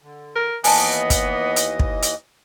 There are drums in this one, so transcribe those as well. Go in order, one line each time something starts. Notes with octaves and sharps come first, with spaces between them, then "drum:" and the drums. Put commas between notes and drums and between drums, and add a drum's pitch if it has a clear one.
D3
A#4
D#2 E3 B3 D#5 G#5 A5, drum: open hi-hat
drum: kick, hi-hat
drum: hi-hat
drum: kick
drum: hi-hat